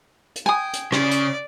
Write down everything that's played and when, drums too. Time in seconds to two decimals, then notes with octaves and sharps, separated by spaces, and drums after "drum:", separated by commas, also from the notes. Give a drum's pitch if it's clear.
0.36 drum: hi-hat
0.46 G5 G#5 D#6
0.73 drum: hi-hat
0.92 C#3 D5, drum: rim click
1.11 drum: hi-hat